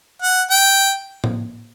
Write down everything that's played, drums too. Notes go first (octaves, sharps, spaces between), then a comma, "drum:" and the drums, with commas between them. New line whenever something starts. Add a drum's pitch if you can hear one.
F#5
G5
drum: tom A2